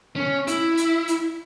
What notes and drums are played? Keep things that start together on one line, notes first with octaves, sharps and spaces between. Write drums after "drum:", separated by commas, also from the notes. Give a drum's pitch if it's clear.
C#4
E4, drum: hi-hat
drum: hi-hat
drum: hi-hat